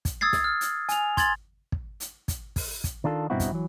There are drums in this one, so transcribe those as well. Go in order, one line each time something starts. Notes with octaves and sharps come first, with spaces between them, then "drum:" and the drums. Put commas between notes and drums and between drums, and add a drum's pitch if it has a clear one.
drum: kick, hi-hat
D#6 E6 G#6 A6 C7
drum: snare
F6
drum: hi-hat
G#5 F7, drum: hi-hat
C6 G#6 A6 F#7, drum: kick, hi-hat
drum: kick
drum: hi-hat
drum: kick, hi-hat
drum: kick, open hi-hat
drum: kick, hi-hat
D#3 D4 F4 A4
G2 B2 C4 D#4 E4 F#4
drum: kick, hi-hat
E3 F#3